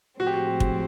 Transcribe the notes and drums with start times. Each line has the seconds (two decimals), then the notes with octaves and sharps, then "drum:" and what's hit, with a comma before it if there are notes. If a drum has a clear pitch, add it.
0.20 A2 F3 G#3 C4 F#4
0.27 G4
0.34 F#4
0.46 G4
0.60 drum: kick